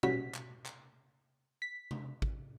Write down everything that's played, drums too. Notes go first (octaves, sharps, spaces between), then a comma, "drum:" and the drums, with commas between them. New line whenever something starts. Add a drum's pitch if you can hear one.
A#1 G3 C#4 F#4 B6, drum: tom B2
drum: clap
drum: clap
B6
drum: tom C3
drum: kick